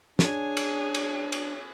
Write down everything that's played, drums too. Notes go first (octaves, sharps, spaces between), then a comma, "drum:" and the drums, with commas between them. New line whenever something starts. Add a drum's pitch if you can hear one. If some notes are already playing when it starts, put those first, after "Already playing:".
D4 G#4 C#5 G#5, drum: snare
drum: cymbal
drum: cymbal
drum: cymbal